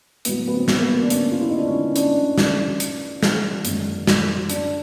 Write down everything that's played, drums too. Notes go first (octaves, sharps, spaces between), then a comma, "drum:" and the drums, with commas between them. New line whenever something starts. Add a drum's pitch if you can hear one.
A2 F#3 B3, drum: hi-hat
B3
C4
drum: snare
A#3
B3
D4
C#4, drum: hi-hat
F4
E4
D#4
D4
C#4
D4, drum: hi-hat
drum: snare
drum: hi-hat
drum: snare
F#2 D#3 G#3, drum: hi-hat
drum: snare
D4, drum: hi-hat